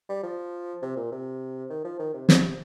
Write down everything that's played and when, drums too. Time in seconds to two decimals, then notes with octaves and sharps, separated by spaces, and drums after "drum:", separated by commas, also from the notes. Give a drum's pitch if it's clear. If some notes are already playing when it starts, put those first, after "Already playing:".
0.09 G3
0.23 F3
0.82 C3
0.96 A#2
1.12 C3
1.70 D#3
1.84 F3
1.99 D#3
2.14 C3
2.29 C3, drum: snare
2.43 C3